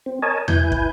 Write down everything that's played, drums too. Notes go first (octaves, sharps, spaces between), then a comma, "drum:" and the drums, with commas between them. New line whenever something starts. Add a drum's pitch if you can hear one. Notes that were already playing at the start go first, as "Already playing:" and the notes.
C4
A#4 C#5 D#5 G#5 A5
E4 B4 G#5 G6, drum: tom E2
drum: kick